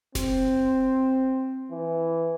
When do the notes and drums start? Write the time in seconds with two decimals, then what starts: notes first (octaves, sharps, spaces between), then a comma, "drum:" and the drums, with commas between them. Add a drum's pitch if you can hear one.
0.15 C4, drum: snare F#1
1.71 E3